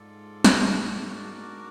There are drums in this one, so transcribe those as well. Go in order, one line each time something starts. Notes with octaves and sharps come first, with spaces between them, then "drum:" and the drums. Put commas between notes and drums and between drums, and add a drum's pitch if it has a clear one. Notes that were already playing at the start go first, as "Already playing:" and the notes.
Already playing: G#2 F4 A4 D5
drum: snare
D4 F#4 A#4 D5